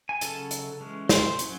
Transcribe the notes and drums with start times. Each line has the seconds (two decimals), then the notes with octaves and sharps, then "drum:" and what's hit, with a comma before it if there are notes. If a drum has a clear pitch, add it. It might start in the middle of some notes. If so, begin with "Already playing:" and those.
0.09 G#5
0.21 C#3 F#3 C#4 A4 A5, drum: hi-hat
0.51 drum: hi-hat
0.80 E3 G#3 C#4
1.09 C5 C6, drum: snare
1.39 F#3 C#4, drum: hi-hat